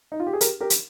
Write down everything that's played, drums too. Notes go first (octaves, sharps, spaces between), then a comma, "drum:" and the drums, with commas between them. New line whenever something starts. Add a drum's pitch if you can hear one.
D#4
F4
G4
G#4
G4 A#4, drum: hi-hat
G4 A#4
drum: hi-hat